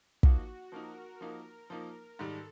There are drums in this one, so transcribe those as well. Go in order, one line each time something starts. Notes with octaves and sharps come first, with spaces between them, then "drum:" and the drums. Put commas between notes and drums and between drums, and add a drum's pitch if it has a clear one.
F3 A#3 D#4 F#4, drum: kick
F3 A#3 D#4 A#4
F3 A#3 D#4
F3 A#3 D#4
G#2 D#3 G3 A4